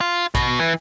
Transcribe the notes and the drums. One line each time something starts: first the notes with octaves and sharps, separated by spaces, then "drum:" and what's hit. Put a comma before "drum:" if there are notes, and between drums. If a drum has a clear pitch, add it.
F4
B2, drum: kick A#1, hi-hat
E3